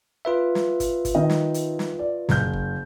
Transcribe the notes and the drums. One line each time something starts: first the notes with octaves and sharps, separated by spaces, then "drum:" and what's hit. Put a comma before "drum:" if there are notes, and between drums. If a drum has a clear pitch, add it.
F4 B4 E5
drum: snare
drum: kick G1, hi-hat
drum: kick G1, hi-hat
D#3 D#5
drum: snare
drum: hi-hat
drum: snare
D5
F#1 G6, drum: snare
drum: kick G1